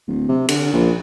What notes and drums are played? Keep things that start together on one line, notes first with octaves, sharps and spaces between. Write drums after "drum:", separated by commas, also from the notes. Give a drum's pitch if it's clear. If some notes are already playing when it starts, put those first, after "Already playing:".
D1
C3
D3, drum: cymbal
A#1